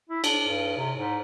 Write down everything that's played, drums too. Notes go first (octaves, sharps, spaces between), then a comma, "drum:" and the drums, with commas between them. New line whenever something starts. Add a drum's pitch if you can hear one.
E4
D4, drum: cymbal
G2
C3
G#2